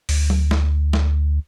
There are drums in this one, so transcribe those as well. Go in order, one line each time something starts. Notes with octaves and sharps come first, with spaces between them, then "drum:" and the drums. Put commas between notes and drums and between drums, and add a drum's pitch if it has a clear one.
D2, drum: open hi-hat
drum: tom F#3
drum: snare
drum: snare